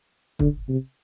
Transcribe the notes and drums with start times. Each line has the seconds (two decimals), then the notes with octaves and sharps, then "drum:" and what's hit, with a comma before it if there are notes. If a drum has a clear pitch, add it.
0.39 D3, drum: kick
0.69 C3